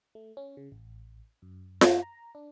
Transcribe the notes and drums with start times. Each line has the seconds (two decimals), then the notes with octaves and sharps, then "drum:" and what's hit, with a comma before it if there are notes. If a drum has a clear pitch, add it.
0.15 A3
0.37 C#4
0.57 C#3
0.72 A1
1.42 F#2
1.81 drum: snare F4
2.02 A#5
2.35 D4